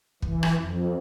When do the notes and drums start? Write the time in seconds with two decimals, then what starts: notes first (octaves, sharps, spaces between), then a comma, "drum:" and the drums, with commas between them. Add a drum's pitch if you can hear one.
0.22 E3, drum: kick
0.43 drum: rim click
0.57 F2